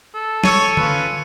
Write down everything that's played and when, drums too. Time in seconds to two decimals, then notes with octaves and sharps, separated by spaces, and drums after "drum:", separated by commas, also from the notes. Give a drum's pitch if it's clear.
0.15 A4
0.44 C#5 E6 C#7 D#7, drum: snare
0.77 C#4 F4 B4, drum: tom D3